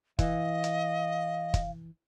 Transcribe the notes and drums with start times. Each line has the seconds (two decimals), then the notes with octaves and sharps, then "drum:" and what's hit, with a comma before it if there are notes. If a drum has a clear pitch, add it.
0.19 E3 D#5 F5, drum: kick, hi-hat
0.64 drum: hi-hat
1.54 drum: kick, hi-hat